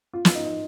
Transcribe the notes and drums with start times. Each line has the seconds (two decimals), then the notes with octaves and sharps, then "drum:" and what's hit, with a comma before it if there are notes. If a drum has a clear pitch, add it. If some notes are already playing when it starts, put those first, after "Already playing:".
0.13 F4
0.25 F4, drum: snare
0.35 D#4
0.45 D#4